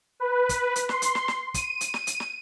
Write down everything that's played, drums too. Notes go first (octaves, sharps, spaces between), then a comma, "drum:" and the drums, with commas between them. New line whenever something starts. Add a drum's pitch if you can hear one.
B4
drum: kick, hi-hat
drum: hi-hat
C6, drum: snare
drum: hi-hat
drum: snare
drum: snare
D#7, drum: kick, hi-hat
drum: hi-hat
drum: snare
drum: hi-hat
drum: snare